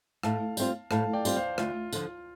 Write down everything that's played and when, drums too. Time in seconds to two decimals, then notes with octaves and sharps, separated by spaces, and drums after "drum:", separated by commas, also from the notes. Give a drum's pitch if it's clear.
0.23 A2 F5 A5, drum: rim click
0.57 G3 C4 F4, drum: tambourine
0.91 A2 F5 A5, drum: rim click
1.13 D5 G5
1.25 G3 C4 F4, drum: tambourine
1.36 C5 F5
1.58 D2 F4, drum: rim click
1.93 D3 F3, drum: tambourine